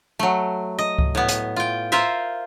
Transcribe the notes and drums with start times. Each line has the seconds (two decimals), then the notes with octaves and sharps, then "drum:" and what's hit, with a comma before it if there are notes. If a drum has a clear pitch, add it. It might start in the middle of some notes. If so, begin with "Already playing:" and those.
0.19 F#3 A3
0.79 D#5
0.99 drum: kick C#2
1.15 A2 B3
1.29 drum: hi-hat
1.56 F4 G5
1.92 F4 A#4 C5 E5